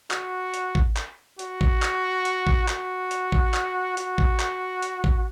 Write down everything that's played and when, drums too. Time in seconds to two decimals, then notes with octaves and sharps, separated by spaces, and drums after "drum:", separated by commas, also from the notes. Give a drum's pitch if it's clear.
0.11 F#4, drum: clap
0.54 drum: hi-hat
0.75 drum: kick
0.97 drum: clap
1.39 F#4, drum: hi-hat
1.61 drum: kick
1.82 drum: clap
2.25 drum: hi-hat
2.47 drum: kick
2.68 F#4, drum: clap
3.11 drum: hi-hat
3.32 drum: kick
3.54 drum: clap
3.97 F#4, drum: hi-hat
4.18 drum: kick
4.40 drum: clap
4.82 drum: hi-hat
5.04 drum: kick